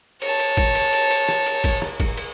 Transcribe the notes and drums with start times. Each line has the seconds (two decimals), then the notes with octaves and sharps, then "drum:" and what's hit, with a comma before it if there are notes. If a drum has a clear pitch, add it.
0.22 C#5 A5, drum: cymbal
0.40 drum: cymbal
0.57 drum: kick, cymbal
0.75 drum: cymbal
0.93 drum: cymbal
1.11 drum: cymbal
1.29 drum: rim click
1.46 drum: cymbal
1.64 drum: kick, cymbal
1.82 drum: rim click
2.00 drum: kick, cymbal
2.17 drum: cymbal